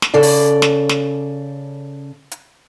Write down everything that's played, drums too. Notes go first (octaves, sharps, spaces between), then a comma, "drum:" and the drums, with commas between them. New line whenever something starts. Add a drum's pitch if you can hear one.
drum: snare
C#3 A4 D5
drum: open hi-hat
drum: snare
drum: snare
drum: hi-hat